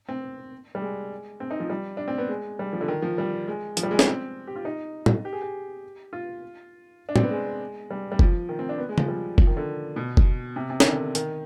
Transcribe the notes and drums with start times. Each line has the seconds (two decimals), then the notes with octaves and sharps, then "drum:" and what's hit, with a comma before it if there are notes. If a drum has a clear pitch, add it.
0.09 C4
0.75 G3
0.82 G#3
1.40 C4
1.51 D#4
1.60 F3
1.70 G3
1.97 D4
2.08 C4
2.18 B3
2.29 G#3
2.59 G3
2.73 F3
2.81 D3
2.88 D#3
3.02 F3
3.18 G3
3.48 G#3
3.77 F3, drum: hi-hat
3.83 G3
3.91 G#3
3.99 B3, drum: snare
4.07 C4
4.47 G4
4.56 F4
4.65 D#4
5.06 drum: tom
5.25 G4
5.33 G#4
5.42 G4
6.13 F4
7.09 D4
7.16 C4, drum: tom
7.23 B3
7.31 G#3
7.91 G3
8.12 G3
8.19 F3, drum: kick F#1
8.49 D#3
8.59 C4
8.69 D4
8.78 B3
8.89 G#3
8.98 F3, drum: tom C#3
9.08 G3
9.38 F3, drum: kick F#1
9.47 D#3
9.57 D3
9.96 B2
10.17 drum: kick F#1
10.56 C3
10.70 C3
10.80 D#3, drum: snare
10.86 D3
11.15 D#3, drum: hi-hat